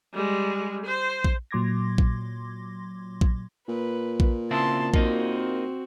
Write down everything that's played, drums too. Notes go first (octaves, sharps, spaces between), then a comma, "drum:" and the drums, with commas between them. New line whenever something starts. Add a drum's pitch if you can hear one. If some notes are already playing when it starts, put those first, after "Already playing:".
G3 G#3
C5
drum: kick A#1
A#2 F#3 C6 D6 G#6 A#6
drum: kick A#1
drum: kick A#1
A#2 B4
drum: kick A#1
C#3 C4 E4 A5 C6
A#3 C4 D#4 F#4, drum: kick A#1